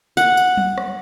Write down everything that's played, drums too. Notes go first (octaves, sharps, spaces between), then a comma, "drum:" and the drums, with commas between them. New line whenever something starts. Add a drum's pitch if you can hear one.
F#5, drum: tambourine
drum: tambourine
drum: tom F#3
drum: rim click